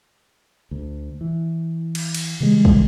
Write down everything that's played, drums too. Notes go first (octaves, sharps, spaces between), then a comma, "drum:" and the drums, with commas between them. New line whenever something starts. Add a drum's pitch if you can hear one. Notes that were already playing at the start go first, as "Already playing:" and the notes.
D2
E3
drum: cymbal
drum: cymbal
C#3 E3 G3 G#3
drum: kick